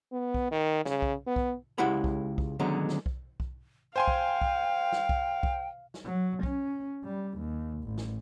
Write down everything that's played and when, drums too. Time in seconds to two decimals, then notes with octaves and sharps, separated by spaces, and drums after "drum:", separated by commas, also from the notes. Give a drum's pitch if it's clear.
0.12 B3
0.34 drum: kick B1
0.52 D#3
0.85 C#3, drum: snare
1.02 drum: kick B1
1.27 B3
1.36 drum: kick B1
1.78 C#2 G#3 E4 G4 F#5 B5
2.04 drum: kick B1
2.38 drum: kick B1
2.60 B2 D3 D#3 F#3 G#3 C#4
2.89 drum: snare
3.06 drum: kick B1
3.40 drum: kick B1
3.96 C5 F5 G5 G#5 C6
4.08 drum: kick B1
4.41 drum: kick B1
4.92 drum: snare
5.09 drum: kick B1
5.43 drum: kick B1
5.94 drum: snare
6.06 F#3
6.43 C#4, drum: kick B1
7.04 G3
7.38 D#2
7.83 A1
7.98 drum: snare